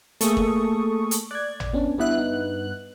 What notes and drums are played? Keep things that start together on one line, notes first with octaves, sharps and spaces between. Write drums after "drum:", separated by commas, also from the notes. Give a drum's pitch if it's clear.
A3 A#3 G#4 A4 C#6 D#6, drum: hi-hat
drum: kick
drum: hi-hat
D5 F#6 G#6
drum: tom
B3 C#4 D4
G2 B3 D4 E4 E5 F#6
D#4